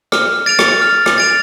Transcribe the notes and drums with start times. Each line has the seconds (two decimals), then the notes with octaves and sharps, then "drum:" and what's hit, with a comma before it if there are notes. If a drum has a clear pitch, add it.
0.12 F6, drum: rim click
0.46 A6 D7 F7
0.59 drum: rim click
0.82 F6
1.06 drum: rim click
1.18 A6 D7 F7